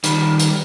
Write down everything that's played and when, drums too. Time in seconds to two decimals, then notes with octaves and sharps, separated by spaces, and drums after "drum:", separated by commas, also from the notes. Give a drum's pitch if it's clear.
0.04 D#3 G3, drum: hi-hat
0.39 drum: hi-hat